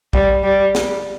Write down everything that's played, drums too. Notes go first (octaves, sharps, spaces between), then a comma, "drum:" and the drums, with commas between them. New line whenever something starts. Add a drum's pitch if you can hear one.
G3, drum: kick
G3
drum: snare